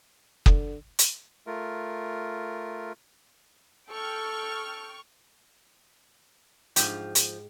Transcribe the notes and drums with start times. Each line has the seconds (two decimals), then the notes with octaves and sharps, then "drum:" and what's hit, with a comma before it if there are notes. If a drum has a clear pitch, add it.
0.46 D3, drum: kick
0.99 drum: hi-hat
1.47 A3 F4 A#4
3.91 A4 G5 C#6 F6
6.76 G#2 F3 G4, drum: hi-hat
7.15 drum: hi-hat